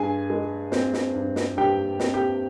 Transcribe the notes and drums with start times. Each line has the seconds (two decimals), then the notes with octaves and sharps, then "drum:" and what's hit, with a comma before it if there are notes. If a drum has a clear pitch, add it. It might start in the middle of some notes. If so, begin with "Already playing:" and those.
Already playing: G2 G#4 G#5
0.30 G#3
0.72 C4, drum: snare
0.93 drum: snare
1.14 G2
1.36 drum: snare
1.57 G2 G4 G5
1.99 C4, drum: snare
2.14 G4 G5